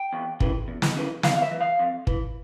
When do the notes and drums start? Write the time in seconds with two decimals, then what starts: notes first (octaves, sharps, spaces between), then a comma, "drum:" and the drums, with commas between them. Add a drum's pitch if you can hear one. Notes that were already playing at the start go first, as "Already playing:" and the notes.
Already playing: G5
0.13 E2
0.40 C#3 E3, drum: kick
0.68 E2
0.82 drum: snare
0.96 C#3 E3
1.23 F2 F5, drum: snare
1.36 F5
1.42 E5
1.51 E3
1.61 F5
1.79 F2
2.07 E3, drum: kick